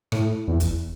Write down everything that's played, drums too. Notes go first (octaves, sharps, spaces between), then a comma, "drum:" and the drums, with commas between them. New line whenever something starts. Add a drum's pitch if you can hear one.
A2, drum: rim click
E2
drum: kick, hi-hat